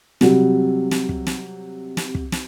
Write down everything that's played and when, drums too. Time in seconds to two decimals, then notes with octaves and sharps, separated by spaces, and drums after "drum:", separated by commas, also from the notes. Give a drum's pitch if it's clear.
0.21 C3 F#3 G3, drum: snare
0.91 drum: snare
1.09 drum: kick
1.27 drum: snare
1.97 drum: snare
2.15 drum: kick
2.32 drum: snare